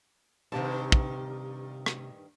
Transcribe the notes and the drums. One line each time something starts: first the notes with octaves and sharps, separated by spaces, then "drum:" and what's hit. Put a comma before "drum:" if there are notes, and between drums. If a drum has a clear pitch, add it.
G2 C3 D#3 G4 A5
drum: kick
drum: rim click